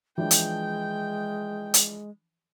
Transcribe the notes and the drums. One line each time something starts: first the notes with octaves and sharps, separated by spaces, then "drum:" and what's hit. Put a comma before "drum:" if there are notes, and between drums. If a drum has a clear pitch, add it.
E3 F3 G#3 D4 G5
drum: hi-hat
drum: hi-hat